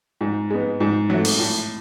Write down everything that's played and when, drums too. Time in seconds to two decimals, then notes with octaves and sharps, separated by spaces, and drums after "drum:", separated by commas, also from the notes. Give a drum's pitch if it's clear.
0.21 G#2
0.50 G#3 B3
0.80 G#2
1.10 F#3 A3
1.25 drum: open hi-hat
1.39 A2